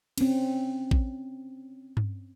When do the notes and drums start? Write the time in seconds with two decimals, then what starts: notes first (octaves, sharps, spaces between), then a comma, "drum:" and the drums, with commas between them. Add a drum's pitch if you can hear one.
0.18 C4 C#4, drum: cymbal
0.91 drum: kick A1
1.97 drum: tom G2